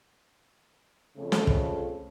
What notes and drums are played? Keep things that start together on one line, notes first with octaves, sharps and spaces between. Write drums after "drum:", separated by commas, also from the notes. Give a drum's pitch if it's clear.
F2 C#3 A3
drum: snare
drum: kick